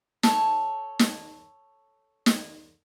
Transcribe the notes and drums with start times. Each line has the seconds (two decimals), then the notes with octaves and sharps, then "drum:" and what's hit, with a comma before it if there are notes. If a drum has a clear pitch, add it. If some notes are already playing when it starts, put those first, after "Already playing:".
0.23 A4 C#5, drum: snare
0.99 drum: snare
2.26 drum: snare